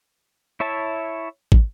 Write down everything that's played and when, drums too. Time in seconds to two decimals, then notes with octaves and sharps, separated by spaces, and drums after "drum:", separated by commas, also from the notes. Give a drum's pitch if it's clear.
0.60 E4 C#5 E5 A5
1.52 drum: kick